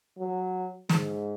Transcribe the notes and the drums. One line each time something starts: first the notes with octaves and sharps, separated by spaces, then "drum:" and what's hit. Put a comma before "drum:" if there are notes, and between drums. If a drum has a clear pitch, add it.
F#3
G#2, drum: snare